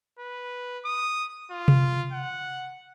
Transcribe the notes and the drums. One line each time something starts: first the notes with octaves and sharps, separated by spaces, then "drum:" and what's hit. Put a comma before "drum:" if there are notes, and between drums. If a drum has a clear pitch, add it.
B4
D#6
F4
drum: tom C3
F#5